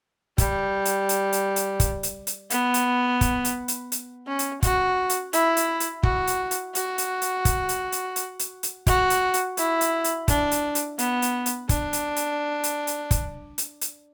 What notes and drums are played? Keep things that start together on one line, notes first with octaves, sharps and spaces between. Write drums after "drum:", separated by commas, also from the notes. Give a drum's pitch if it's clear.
G3, drum: kick, hi-hat
drum: hi-hat
drum: hi-hat
drum: hi-hat
drum: hi-hat
drum: kick, hi-hat
drum: hi-hat
drum: hi-hat
B3, drum: hi-hat
drum: hi-hat
drum: kick, hi-hat
drum: hi-hat
drum: hi-hat
drum: hi-hat
C#4
drum: hi-hat
F#4, drum: kick, hi-hat
drum: hi-hat
E4, drum: hi-hat
drum: hi-hat
drum: hi-hat
F#4, drum: kick
drum: hi-hat
drum: hi-hat
F#4, drum: hi-hat
drum: hi-hat
drum: hi-hat
drum: kick, hi-hat
drum: hi-hat
drum: hi-hat
drum: hi-hat
drum: hi-hat
drum: hi-hat
F#4, drum: kick, hi-hat
drum: hi-hat
drum: hi-hat
E4, drum: hi-hat
drum: hi-hat
drum: hi-hat
D4, drum: kick, hi-hat
drum: hi-hat
drum: hi-hat
B3, drum: hi-hat
drum: hi-hat
drum: hi-hat
D4, drum: kick, hi-hat
drum: hi-hat
drum: hi-hat
drum: hi-hat
drum: hi-hat
drum: kick, hi-hat
drum: hi-hat
drum: hi-hat